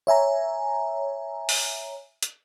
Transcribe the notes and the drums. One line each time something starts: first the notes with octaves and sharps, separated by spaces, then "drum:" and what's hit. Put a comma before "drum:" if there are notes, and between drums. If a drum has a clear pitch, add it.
C#5 E5 G#5 A#5
drum: open hi-hat
drum: hi-hat